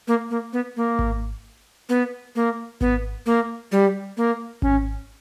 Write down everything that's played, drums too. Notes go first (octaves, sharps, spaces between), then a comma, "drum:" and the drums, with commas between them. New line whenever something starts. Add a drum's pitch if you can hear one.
A#3
A#3
B3
A#3
drum: kick G#1
B3
A#3
B3, drum: kick G#1
A#3
G3
A#3
C#4, drum: kick G#1